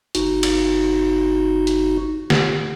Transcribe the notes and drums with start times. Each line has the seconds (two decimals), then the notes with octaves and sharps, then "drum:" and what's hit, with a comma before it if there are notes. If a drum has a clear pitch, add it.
0.15 G1 D#4 F#4, drum: hi-hat
0.43 drum: cymbal
1.67 drum: hi-hat
2.30 drum: snare